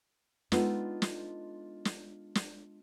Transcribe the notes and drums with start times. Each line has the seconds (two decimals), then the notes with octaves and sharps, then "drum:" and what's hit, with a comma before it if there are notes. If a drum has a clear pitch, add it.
0.52 G#3 B3 D4 D#4 F4 A4, drum: snare
1.02 drum: snare
1.85 drum: snare
2.35 drum: snare